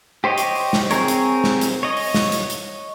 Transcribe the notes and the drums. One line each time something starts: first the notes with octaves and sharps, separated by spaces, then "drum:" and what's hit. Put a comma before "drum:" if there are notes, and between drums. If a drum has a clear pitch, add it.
G4 C5 C#5 D#5
drum: hi-hat
drum: open hi-hat
drum: snare
C4 G#4 A#4 C#5, drum: hi-hat
drum: hi-hat
drum: snare
drum: hi-hat
C#5 D#5
drum: open hi-hat
drum: snare
drum: hi-hat
drum: hi-hat